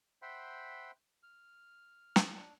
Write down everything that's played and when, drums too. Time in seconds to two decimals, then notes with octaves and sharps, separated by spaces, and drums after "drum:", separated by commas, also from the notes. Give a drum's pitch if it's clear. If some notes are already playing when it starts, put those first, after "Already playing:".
0.22 C5 E5 F#5 G5 B5 C6
1.23 F6
2.16 drum: snare
2.34 D4